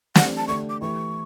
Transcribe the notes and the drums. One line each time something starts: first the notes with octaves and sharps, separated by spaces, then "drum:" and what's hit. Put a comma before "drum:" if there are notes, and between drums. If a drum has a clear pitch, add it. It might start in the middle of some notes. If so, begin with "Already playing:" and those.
E3 A3 D4 G4 F#5, drum: snare
A5
D3 A3 D4 G4 C#6
D6
E3 A3 E4 G4 C#6